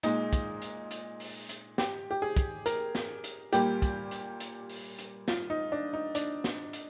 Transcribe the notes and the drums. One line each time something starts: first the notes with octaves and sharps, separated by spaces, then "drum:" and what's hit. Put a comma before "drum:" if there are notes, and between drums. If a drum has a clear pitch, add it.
A#2 G#3 D#4, drum: hi-hat
drum: kick, hi-hat
drum: hi-hat
drum: hi-hat
drum: open hi-hat
drum: hi-hat
G4, drum: snare
G4
G#4
drum: kick, hi-hat
A#4, drum: hi-hat
drum: snare
drum: hi-hat
A#2 G3 A#3 G4, drum: hi-hat
drum: kick, hi-hat
drum: hi-hat
drum: hi-hat
drum: open hi-hat
drum: hi-hat
F4, drum: snare
D#4
D4
D#4
D4, drum: hi-hat
drum: snare
drum: hi-hat